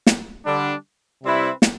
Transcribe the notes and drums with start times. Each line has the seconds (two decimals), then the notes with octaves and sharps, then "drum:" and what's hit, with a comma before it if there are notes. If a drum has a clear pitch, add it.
0.07 drum: snare
0.46 D3 G3 D4
1.23 C3 G3 C4 E4 B4
1.62 drum: snare